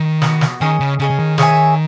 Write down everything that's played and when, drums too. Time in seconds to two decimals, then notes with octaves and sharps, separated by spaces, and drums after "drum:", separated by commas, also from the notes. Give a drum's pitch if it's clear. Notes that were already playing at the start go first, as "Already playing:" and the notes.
Already playing: D#3
0.22 B3 D#4 F#4, drum: snare
0.41 drum: snare
0.61 D#3 C#4 G#4 D#5
0.80 C#3
0.99 C#3 C#4 G#4 D#5
1.10 C#3
1.19 D#3
1.38 G#4 C#5 E5 G#5, drum: snare